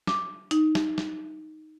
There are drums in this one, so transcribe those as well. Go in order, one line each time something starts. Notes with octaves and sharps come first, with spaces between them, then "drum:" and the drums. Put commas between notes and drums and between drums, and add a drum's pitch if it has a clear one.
D6, drum: snare
D#4, drum: hi-hat
drum: snare
drum: snare